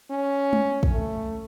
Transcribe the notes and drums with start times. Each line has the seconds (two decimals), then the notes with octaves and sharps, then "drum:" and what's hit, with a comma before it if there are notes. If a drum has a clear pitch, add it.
0.10 C#4
0.53 drum: tom G#3
0.83 drum: kick
0.92 A3